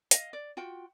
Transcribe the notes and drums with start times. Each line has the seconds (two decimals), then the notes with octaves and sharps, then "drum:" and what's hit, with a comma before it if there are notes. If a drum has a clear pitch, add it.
0.11 D#5 F5, drum: hi-hat
0.33 D5
0.57 F4 F#4 G5